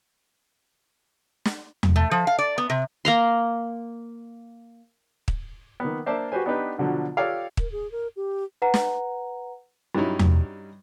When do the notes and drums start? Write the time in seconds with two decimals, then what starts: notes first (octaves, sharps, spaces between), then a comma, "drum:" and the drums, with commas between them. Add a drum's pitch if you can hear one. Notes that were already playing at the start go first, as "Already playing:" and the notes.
1.45 drum: snare
1.83 drum: tom E2
1.96 A3
2.11 F3
2.27 F5
2.39 D5
2.58 B3
2.70 C3
3.05 A#3 A#5 C6
5.28 drum: kick
5.80 D#3 A#3 B3
6.06 A#3 D4 C5 D5 E5 A5
6.32 F#4 G4 B4 C5 G#5
6.46 B3 D4 D#4 G4 B4
6.78 B2 D3 F3 F#3
7.17 F4 G4 A4 C#5 D5 F5
7.57 A#4, drum: kick
7.72 G#4
7.92 A#4
8.16 G4
8.62 B4 F#5 A#5
8.74 drum: snare
9.95 G2 F#3 G3 C#4 D#4 E4
10.19 drum: tom E2